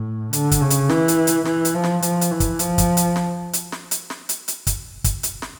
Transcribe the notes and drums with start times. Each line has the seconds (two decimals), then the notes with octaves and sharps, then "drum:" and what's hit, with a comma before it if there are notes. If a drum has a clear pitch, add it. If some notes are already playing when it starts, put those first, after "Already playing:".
Already playing: A2
0.33 D3, drum: hi-hat
0.51 drum: kick, hi-hat
0.61 C#3
0.70 drum: hi-hat
0.89 E3, drum: snare
1.08 drum: hi-hat
1.27 drum: hi-hat
1.45 E3, drum: snare
1.65 drum: hi-hat
1.74 F3
1.84 drum: snare
2.02 F3, drum: hi-hat
2.21 drum: hi-hat
2.31 E3
2.40 drum: kick, hi-hat
2.59 F3, drum: hi-hat
2.78 drum: kick, hi-hat
2.97 drum: hi-hat
3.16 drum: snare
3.53 drum: hi-hat
3.72 drum: snare
3.91 drum: hi-hat
4.10 drum: snare
4.29 drum: hi-hat
4.48 drum: hi-hat
4.67 drum: kick, hi-hat
5.04 drum: kick, hi-hat
5.23 drum: hi-hat
5.42 drum: snare